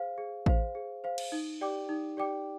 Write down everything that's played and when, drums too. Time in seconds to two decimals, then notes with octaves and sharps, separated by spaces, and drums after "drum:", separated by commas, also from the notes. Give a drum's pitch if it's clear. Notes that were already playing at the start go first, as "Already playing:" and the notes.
Already playing: G#4 C5 F5
0.18 G#4
0.46 C5 F5, drum: kick A1
0.75 G#4
1.04 C5 F5
1.18 drum: cymbal
1.32 D#4
1.61 G4 D5 G5 D6
1.89 D#4
2.17 G4 D5 G5 D6